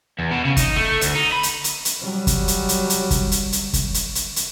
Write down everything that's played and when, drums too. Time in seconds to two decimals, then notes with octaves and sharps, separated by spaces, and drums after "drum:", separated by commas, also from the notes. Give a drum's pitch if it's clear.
0.19 E2
0.31 B2
0.45 C#3
0.57 D#4, drum: kick, hi-hat
0.76 A3
1.01 D2, drum: hi-hat
1.15 D#4
1.32 B5
1.43 drum: hi-hat
1.64 drum: hi-hat
1.85 drum: hi-hat
2.01 F#3 G3
2.27 drum: kick, hi-hat
2.48 drum: hi-hat
2.69 drum: hi-hat
2.90 drum: hi-hat
3.11 drum: kick, hi-hat
3.32 drum: hi-hat
3.52 drum: hi-hat
3.73 drum: kick, hi-hat
3.94 drum: hi-hat
4.15 drum: hi-hat
4.36 drum: hi-hat